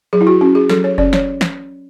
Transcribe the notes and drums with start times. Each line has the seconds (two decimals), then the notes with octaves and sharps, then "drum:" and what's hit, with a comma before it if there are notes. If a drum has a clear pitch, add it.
0.13 F#3 G#4
0.21 E4
0.27 F#4
0.41 C#4 F#4
0.55 G#4
0.69 F#3 A4, drum: snare
0.84 C#5
0.98 C#4 D5, drum: kick F#1
1.13 C#5, drum: snare
1.41 drum: snare